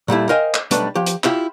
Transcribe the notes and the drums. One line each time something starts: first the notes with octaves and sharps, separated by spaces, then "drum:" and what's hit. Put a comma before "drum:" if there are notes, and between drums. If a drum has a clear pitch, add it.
A#2 G3 A3 E4
A#4 C5 D#5 F5 G5 G#5
drum: clap
B1 G3 A3 D4 B4, drum: hi-hat
F3 G4
drum: hi-hat
E4 F4 G4 E5, drum: clap